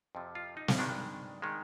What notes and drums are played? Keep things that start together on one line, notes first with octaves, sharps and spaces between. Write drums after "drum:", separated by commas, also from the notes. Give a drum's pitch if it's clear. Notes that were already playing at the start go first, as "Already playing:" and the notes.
F2 C3 F3
F4
D#4
drum: snare
G2 D#3 G#3 D4
D#3 G#3